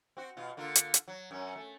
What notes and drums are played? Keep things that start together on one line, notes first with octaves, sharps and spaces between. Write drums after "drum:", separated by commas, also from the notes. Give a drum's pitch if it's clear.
C4 F#4
B2 F4
D3 A#3 F4
drum: hi-hat
drum: hi-hat
F#3
F#2 C#4
A3